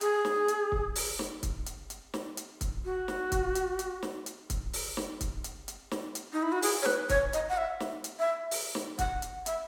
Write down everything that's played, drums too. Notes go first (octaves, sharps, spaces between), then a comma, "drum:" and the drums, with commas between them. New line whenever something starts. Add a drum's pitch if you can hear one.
G#4, drum: hi-hat
drum: snare
drum: hi-hat
drum: kick
drum: open hi-hat
drum: snare
drum: kick, hi-hat
drum: hi-hat
drum: hi-hat
drum: snare
drum: hi-hat
drum: kick, hi-hat
F#4
drum: snare
drum: kick, hi-hat
drum: hi-hat
drum: hi-hat
drum: snare
drum: hi-hat
drum: kick, hi-hat
drum: open hi-hat
drum: snare
drum: kick, hi-hat
drum: hi-hat
drum: hi-hat
drum: snare
drum: hi-hat
D#4
E4
F#4
G#4, drum: open hi-hat
C#5
B4, drum: snare
C#5, drum: kick, hi-hat
D#5, drum: hi-hat
F#5
E5
drum: snare
drum: hi-hat
E5
drum: open hi-hat
drum: snare
F#5, drum: kick, hi-hat
drum: hi-hat
E5, drum: hi-hat